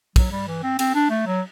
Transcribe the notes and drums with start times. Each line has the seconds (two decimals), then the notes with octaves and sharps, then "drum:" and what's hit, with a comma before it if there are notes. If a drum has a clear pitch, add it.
0.16 F#3, drum: kick, cymbal
0.31 G3
0.47 E3
0.63 C4
0.79 C4, drum: cymbal
0.95 D4
1.10 A3
1.27 F#3